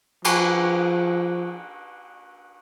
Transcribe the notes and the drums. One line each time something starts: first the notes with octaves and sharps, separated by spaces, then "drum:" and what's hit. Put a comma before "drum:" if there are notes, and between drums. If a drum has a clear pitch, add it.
F3, drum: cymbal